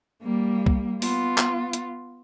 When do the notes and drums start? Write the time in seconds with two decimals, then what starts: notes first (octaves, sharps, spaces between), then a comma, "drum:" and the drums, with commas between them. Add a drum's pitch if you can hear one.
0.22 G3 A#3
0.66 drum: kick C2
1.02 B3 F4, drum: open hi-hat
1.38 drum: clap
1.73 drum: hi-hat